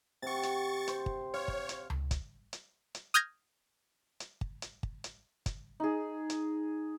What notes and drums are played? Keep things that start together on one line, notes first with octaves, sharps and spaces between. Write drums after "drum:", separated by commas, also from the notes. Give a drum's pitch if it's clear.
C3 F#5 C#6 A6
drum: hi-hat
C5, drum: hi-hat
drum: kick
C#5 F5
drum: kick
drum: hi-hat
drum: tom C#2
drum: kick, hi-hat
drum: hi-hat
drum: hi-hat
D#6 F6 G6 G#6 A#6
drum: hi-hat
drum: kick
drum: hi-hat
drum: kick
drum: hi-hat
drum: kick, hi-hat
D#4 G#4
drum: hi-hat